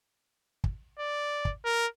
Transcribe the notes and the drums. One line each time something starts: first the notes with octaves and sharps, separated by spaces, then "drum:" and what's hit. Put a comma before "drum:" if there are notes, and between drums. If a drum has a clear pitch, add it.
drum: kick
D5
drum: kick
A#4